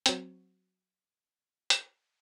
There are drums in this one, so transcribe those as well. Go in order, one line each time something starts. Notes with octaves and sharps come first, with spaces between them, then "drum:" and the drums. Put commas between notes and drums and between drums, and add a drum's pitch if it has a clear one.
F#3 C4, drum: hi-hat
drum: hi-hat